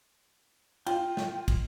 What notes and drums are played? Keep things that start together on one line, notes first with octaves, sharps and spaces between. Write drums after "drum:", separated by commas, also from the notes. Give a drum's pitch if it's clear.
F4 G5, drum: cymbal
drum: snare
drum: kick, cymbal